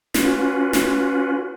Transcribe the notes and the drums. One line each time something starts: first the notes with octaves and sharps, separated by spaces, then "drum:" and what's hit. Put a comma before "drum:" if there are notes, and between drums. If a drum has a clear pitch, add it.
C#4 F4 F#4 B4, drum: snare
drum: snare